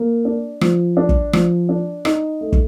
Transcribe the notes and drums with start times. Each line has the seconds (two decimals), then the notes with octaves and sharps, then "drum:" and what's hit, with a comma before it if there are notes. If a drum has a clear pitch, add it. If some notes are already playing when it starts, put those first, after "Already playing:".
Already playing: A#3
0.25 D4
0.61 F3, drum: rim click
0.97 D4
1.09 drum: kick
1.33 F3, drum: rim click
1.69 D4
2.05 D#4, drum: rim click
2.41 A3
2.52 drum: kick